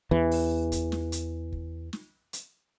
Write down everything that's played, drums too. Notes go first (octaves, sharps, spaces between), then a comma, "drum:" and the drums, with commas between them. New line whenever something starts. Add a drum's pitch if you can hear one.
E2 E3
drum: open hi-hat
drum: kick, hi-hat
drum: snare
drum: hi-hat
drum: kick
drum: snare
drum: hi-hat